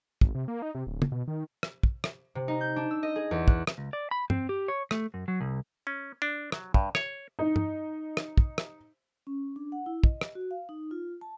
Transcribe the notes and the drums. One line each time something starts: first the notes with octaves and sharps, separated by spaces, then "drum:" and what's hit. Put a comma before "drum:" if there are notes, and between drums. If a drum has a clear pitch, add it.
G#1, drum: kick
C3
A#3
D#4
C3
D1
drum: tom
B2
D#3
drum: rim click
drum: kick
drum: rim click
C3
D#4
G6
D4
E6
D#5
G#4
E2
F#6, drum: kick
drum: rim click
C#2
D5
B5
C4, drum: tom
G4
C#5
A3, drum: rim click
F#2
F#3
C2
C#4
D4
F#3, drum: rim click
G2, drum: kick
C#5, drum: rim click
D#4
drum: tom
drum: rim click
drum: kick
drum: rim click
C#4
D4
F#5
E4
D#5, drum: kick
drum: rim click
F#4
F5
D#4
F4
A5